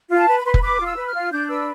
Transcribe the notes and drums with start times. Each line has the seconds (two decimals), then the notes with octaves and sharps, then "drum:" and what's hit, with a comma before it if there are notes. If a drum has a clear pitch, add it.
0.10 F4
0.16 A5
0.28 B4
0.39 B5
0.44 B4 C6
0.54 B5, drum: kick F1
0.62 B4 D6
0.80 F4
0.85 E6
0.96 B4
1.08 F6
1.14 F4
1.31 D4 G6
1.49 B4 E6